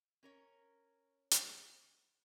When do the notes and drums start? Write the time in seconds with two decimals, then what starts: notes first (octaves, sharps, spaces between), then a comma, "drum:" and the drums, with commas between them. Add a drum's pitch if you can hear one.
0.23 C#4 A#4 C#5
1.31 drum: hi-hat